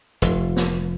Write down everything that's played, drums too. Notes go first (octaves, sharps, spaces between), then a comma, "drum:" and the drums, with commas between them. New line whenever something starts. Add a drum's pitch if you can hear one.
F1, drum: hi-hat
drum: snare